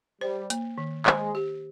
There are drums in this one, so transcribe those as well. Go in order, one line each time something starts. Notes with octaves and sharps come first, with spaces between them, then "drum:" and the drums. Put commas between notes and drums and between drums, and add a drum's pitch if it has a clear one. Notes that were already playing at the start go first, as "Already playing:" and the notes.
G3 C5
A#3, drum: hi-hat
D#3
G#3 C5, drum: clap
G4